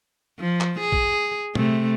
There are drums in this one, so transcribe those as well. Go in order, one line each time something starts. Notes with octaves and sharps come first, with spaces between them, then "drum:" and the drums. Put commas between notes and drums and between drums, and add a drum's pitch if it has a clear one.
F3
drum: clap
G#4
drum: kick
C3 A3, drum: tom